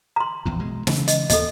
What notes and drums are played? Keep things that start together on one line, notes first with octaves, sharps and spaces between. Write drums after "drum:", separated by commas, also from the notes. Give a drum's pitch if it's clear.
A#5 C6
A#1 E2 A#2
B2 G#3
C#3 E3 G#3, drum: snare
D#5, drum: hi-hat
D#2 A#2 A#3 A4 D#5, drum: hi-hat